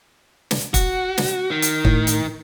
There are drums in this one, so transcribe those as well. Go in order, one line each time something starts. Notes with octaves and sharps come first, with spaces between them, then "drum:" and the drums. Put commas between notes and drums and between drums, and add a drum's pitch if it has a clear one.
drum: snare
F#4, drum: kick, hi-hat
drum: snare
D#3
drum: hi-hat
A2, drum: kick
drum: hi-hat